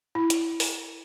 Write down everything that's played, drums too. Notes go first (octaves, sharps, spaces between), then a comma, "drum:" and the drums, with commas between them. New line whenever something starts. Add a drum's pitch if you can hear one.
E4
drum: hi-hat
drum: open hi-hat